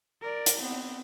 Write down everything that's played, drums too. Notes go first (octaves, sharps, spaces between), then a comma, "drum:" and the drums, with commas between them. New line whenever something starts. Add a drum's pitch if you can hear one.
A#4 D5
drum: hi-hat
B3 C4